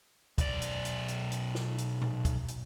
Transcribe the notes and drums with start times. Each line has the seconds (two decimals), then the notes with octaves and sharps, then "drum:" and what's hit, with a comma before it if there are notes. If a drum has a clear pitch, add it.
0.38 B1 D5, drum: kick, hi-hat
0.62 drum: hi-hat
0.85 drum: hi-hat
1.08 drum: hi-hat
1.32 drum: hi-hat
1.55 drum: snare
1.78 drum: hi-hat
2.02 drum: tom A#2
2.25 drum: kick, hi-hat
2.48 drum: hi-hat